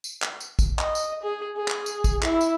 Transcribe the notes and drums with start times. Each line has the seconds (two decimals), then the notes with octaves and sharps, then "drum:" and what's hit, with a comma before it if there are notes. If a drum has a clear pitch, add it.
0.04 drum: tambourine
0.22 drum: clap
0.40 drum: tambourine
0.59 drum: kick, tambourine
0.79 D#5, drum: clap
0.95 drum: tambourine
1.23 G#4
1.57 G#4
1.68 drum: clap
1.86 drum: tambourine
2.04 drum: kick, tambourine
2.23 E4, drum: clap
2.41 drum: tambourine